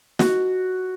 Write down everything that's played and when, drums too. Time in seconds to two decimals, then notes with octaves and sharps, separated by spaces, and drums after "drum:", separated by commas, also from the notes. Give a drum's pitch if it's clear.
0.19 F#4, drum: snare